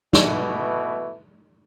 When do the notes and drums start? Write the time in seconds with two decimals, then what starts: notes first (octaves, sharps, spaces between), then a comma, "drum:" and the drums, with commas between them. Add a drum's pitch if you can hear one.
0.13 B2 E3 A3, drum: snare